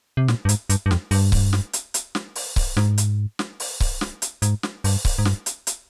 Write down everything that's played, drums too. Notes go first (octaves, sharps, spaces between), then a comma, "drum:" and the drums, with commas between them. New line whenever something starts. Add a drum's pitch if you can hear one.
C3
A#2, drum: snare
G2
G#2, drum: hi-hat
G2, drum: hi-hat
G2
F2, drum: snare
G2, drum: open hi-hat
drum: kick C#1, open hi-hat
drum: snare
drum: hi-hat
drum: hi-hat
drum: snare
drum: open hi-hat
drum: kick C#1, open hi-hat
G#2, drum: snare
drum: hi-hat
drum: snare
drum: open hi-hat
drum: kick C#1, open hi-hat
drum: snare
drum: hi-hat
G#2, drum: hi-hat
drum: snare
G2, drum: open hi-hat
drum: kick C#1, open hi-hat
G#2
G2, drum: snare
drum: hi-hat
drum: hi-hat